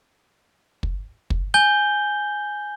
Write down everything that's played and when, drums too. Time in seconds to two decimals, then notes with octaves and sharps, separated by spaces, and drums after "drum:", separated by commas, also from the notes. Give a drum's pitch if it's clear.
0.83 drum: kick
1.30 drum: kick
1.54 G#5 G6 G7